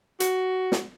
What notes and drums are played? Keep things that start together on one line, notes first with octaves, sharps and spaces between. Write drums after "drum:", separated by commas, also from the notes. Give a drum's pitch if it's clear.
F#4, drum: hi-hat
drum: snare